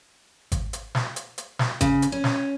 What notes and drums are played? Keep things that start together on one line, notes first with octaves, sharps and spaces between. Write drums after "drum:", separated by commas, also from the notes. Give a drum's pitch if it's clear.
drum: kick G#1, hi-hat
drum: hi-hat
drum: snare
drum: hi-hat
drum: hi-hat
drum: snare
C#3, drum: kick G#1, hi-hat
drum: hi-hat
C#4
drum: snare